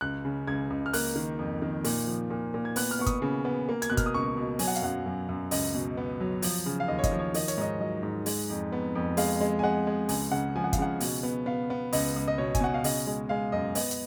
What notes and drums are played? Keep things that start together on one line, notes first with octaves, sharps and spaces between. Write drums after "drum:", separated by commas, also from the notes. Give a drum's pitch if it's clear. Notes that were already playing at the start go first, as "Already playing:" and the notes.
C#2 F#6
C#3
C#2 G#6
C#2
F6
A#3 F#6, drum: open hi-hat
D#3
F2
D#3
A#2, drum: open hi-hat
F3
A#2
A#2
G#6
B3 F#6, drum: open hi-hat
F6
B3 C#6
D#6, drum: kick G1, hi-hat
C#3
B3
A#3
G#6, drum: hi-hat
B2 F#6
F6, drum: kick G1, hi-hat
D#6
C#2 C#6
B2
F#3 G#5, drum: open hi-hat
F#5
F5, drum: hi-hat
F#2 F#5
F#2
F#2
C#2 D#5, drum: open hi-hat
B2
B3
F#3
F3, drum: open hi-hat
C#3
F5
D#2 D#5
C#5
D#5, drum: kick G1, hi-hat
F3
C#5
D#3 D#5, drum: open hi-hat
C#5, drum: hi-hat
G#2 D#5
F#3 D#5
G#2
G#3, drum: open hi-hat
F2
B3
F2
G#3 F5, drum: open hi-hat
G#3
G#5
G#3 F#5
G#3
C#2 G#5, drum: open hi-hat
C#3 F#5
F3 G#5
F#5
F5, drum: kick G1, hi-hat
C#3 F#5
B2, drum: open hi-hat
B3
B3 F5
B3
C#2 D#5, drum: open hi-hat
C#2
D#5
B2 C#5
G#5, drum: kick G1, hi-hat
B2 F#5
F5
C#3 D#5, drum: open hi-hat
G#3
G#3 F5
F#2 D#5
B3 D#5, drum: open hi-hat
drum: hi-hat